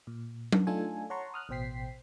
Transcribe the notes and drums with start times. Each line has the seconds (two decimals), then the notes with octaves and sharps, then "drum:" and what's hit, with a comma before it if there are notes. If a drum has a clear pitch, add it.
0.07 A#2
0.52 drum: tom F#3
0.67 A3 D4 D#4 F4 A4 G#5
1.10 C#5 F#5 A5 A#5 C6 C#6
1.34 D#6 F6 F#6
1.49 A1 B2 C5 G5 B6 C7